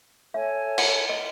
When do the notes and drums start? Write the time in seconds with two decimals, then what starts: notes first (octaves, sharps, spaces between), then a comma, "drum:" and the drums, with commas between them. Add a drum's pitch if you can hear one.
0.34 A4 C#5 E5 G#5
0.78 F#5, drum: cymbal
1.09 D#5